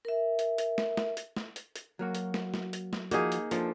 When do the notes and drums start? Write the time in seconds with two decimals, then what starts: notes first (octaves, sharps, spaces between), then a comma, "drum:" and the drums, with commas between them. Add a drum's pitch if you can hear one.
0.05 A#4 E5
0.39 drum: hi-hat
0.58 drum: hi-hat
0.78 drum: snare
0.97 drum: snare
1.17 drum: hi-hat
1.36 drum: snare
1.56 drum: hi-hat
1.76 drum: hi-hat
1.99 F#3 A#3 F#4
2.15 drum: hi-hat
2.34 drum: snare
2.54 drum: snare
2.73 drum: hi-hat
2.93 drum: snare
3.11 F3 A#3 D#4 F#4 G#4, drum: hi-hat
3.32 drum: hi-hat
3.51 F3 A#3 D4 A4, drum: hi-hat